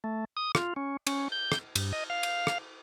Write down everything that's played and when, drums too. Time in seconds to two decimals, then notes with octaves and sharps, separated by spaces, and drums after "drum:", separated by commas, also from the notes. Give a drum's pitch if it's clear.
0.04 A3
0.37 D#6
0.55 F4, drum: rim click
0.76 C#4
1.07 C#4, drum: cymbal
1.32 G6
1.52 drum: rim click
1.75 G2, drum: cymbal
1.93 D#5
2.10 F5
2.23 drum: cymbal
2.47 drum: rim click